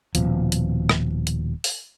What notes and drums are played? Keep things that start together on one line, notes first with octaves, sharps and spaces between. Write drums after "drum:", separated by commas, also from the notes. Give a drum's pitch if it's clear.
D#1 B1 B2 F3, drum: hi-hat
drum: hi-hat
drum: rim click
drum: hi-hat
drum: open hi-hat